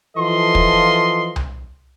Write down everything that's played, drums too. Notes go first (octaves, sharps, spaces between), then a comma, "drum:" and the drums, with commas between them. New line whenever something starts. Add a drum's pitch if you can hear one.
E3 F3 F4 A4 D#5 C6
drum: kick
drum: tom C2